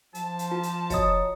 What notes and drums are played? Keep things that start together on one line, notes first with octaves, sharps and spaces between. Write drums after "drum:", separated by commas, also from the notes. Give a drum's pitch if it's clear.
F3 A5, drum: hi-hat
drum: hi-hat
F4
drum: hi-hat
F#4 C#5 D#5 A#5 D#6, drum: kick, hi-hat